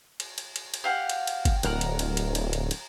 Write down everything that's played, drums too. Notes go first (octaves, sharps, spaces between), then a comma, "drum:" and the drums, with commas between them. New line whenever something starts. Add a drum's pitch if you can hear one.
drum: cymbal
drum: cymbal
drum: cymbal
drum: cymbal
G4 F5 F#5
drum: cymbal
drum: cymbal
drum: kick G1, cymbal
D1 A#4 F#5, drum: cymbal
drum: cymbal
drum: cymbal
drum: cymbal
drum: cymbal
drum: cymbal
drum: cymbal